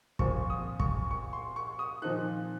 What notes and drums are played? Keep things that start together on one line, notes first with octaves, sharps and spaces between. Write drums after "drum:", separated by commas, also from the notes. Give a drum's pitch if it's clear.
A#2 F3 C4 F4 C#6, drum: kick
D#6
C#6, drum: kick
C#6
C6
C#6
D#6
A#2 F3 C4 D#4 F#6